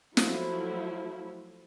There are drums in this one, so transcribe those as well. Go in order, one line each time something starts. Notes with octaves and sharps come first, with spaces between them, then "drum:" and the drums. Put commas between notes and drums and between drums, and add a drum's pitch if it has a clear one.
F3 F#3 A3 E4, drum: snare